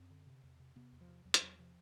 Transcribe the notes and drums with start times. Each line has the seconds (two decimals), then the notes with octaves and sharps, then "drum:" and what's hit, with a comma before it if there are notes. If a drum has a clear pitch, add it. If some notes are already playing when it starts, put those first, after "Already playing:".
Already playing: F#2 C4
0.10 D3
0.27 C3
0.43 E2
0.60 C3
0.76 C3 B3
0.92 E2
1.01 F3
1.09 C3
1.25 E2 F#3
1.34 G3, drum: hi-hat
1.42 E2 F#3
1.58 C3 F3